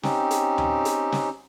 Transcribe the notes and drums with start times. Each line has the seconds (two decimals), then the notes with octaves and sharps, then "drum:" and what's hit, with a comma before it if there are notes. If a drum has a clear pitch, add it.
0.03 C4 C#4 D#4 G4, drum: snare
0.31 drum: hi-hat
0.58 drum: tom D2
0.85 drum: hi-hat
1.12 drum: snare